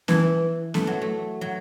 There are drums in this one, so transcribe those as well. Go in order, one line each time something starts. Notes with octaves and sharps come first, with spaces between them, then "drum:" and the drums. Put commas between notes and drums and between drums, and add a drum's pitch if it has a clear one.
E3, drum: snare B3
A3, drum: snare B3
F#3
A3
F#3